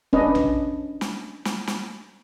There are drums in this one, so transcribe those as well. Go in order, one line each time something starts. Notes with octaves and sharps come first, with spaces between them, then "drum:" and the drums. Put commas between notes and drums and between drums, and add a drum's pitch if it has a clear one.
C#4 D4 B4 D#5, drum: kick
drum: tom A#1
drum: snare
drum: snare
drum: snare